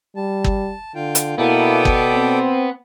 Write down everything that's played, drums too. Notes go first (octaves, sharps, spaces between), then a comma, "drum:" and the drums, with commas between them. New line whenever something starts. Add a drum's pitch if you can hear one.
G3 A5
drum: kick
D3 F4 G5
drum: hi-hat
B2 A#3 B3 E4 A4 D5 G5
drum: kick
C4